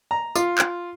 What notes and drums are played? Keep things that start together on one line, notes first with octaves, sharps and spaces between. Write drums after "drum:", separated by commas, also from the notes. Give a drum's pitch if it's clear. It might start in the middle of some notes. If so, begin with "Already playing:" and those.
A#5
F4, drum: tambourine
drum: clap